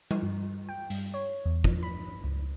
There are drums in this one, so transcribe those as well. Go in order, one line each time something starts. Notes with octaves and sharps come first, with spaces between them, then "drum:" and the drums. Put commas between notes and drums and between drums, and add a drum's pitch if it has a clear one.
drum: tom G3
G2
G5
G2, drum: hi-hat
C#5
E2
F3, drum: kick
B5
C#2